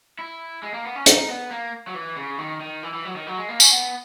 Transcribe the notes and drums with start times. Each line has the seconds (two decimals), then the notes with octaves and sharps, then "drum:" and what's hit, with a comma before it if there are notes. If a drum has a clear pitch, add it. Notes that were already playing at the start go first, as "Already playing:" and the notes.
0.19 E4
0.63 G#3
0.74 A#3
0.85 B3
0.96 C#4
1.06 D#4, drum: hi-hat
1.29 B3
1.51 A#3
1.87 F#3
1.94 E3
2.17 C#3
2.38 D#3
2.60 D#3
2.83 E3
2.93 E3
3.05 F#3
3.16 D#3
3.27 F#3
3.38 G#3
3.49 A#3
3.60 C#4, drum: tambourine
3.71 B3